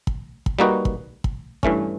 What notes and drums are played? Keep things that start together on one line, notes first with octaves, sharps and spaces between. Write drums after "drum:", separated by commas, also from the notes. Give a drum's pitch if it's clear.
drum: kick
drum: kick
G3 A#3 D#4 F#4 B4
drum: kick
drum: kick
G2 E3 A3 C#4, drum: kick